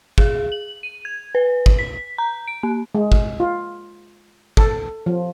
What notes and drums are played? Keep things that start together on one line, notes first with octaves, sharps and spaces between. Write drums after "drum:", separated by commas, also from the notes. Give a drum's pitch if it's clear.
G#4, drum: kick
F#7
D#7
G#6
B4
drum: kick
B6
A#5
D7
A#3
G#3
drum: kick
F4
A4, drum: kick
F3